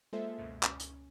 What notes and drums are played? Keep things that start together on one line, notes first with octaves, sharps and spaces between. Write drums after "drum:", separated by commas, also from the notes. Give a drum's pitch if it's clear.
G#3 A#3 F4 A4 C5 E5
C#2 F#2 B2
C#2 C#4, drum: clap
drum: hi-hat